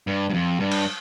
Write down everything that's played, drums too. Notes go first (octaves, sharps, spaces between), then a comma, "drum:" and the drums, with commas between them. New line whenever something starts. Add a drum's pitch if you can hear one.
G2
G2
F2
G2
drum: cymbal